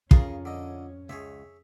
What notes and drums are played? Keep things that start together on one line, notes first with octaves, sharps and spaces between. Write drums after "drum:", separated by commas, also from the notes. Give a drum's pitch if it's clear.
F2 C#3 C#4 F4 G#4 A#4 C#6 D#6, drum: kick
D3 D#5
C#2 G#4 C#5 E5